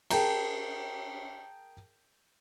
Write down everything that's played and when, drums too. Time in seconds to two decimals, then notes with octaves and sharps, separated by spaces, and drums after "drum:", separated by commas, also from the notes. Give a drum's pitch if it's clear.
0.10 G#4 A#4 G5 A5 A#5, drum: cymbal